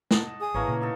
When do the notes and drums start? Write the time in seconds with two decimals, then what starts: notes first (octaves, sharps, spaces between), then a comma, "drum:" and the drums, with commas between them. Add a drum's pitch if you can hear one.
0.11 D#5 F#5 A5, drum: snare
0.40 G#4 D#6
0.54 G#1 A3 A#3 E4 B4 C#5 A#5
0.68 A#2 C#3
0.81 D#4 A4